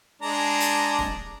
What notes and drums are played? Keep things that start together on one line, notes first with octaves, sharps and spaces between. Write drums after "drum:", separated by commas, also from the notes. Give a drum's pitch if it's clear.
G#3 D4 A#5
drum: hi-hat
drum: snare